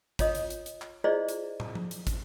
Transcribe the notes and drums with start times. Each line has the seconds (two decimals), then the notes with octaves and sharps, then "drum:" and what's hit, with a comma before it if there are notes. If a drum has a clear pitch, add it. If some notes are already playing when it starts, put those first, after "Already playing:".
0.19 F4 C#5 D#5 D#6, drum: kick, hi-hat
0.35 drum: hi-hat
0.50 drum: hi-hat
0.66 drum: hi-hat
0.82 drum: clap
1.04 E4 F4 G#4 C5 D5 D#5
1.29 drum: hi-hat
1.60 drum: tom
1.75 drum: tom F3
1.91 drum: hi-hat
2.07 drum: kick, hi-hat